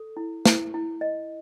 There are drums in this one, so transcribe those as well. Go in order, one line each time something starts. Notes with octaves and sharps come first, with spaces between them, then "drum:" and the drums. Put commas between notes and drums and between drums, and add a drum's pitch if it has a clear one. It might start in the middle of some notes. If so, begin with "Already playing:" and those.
Already playing: A4
E4
E4, drum: snare
E4
D#5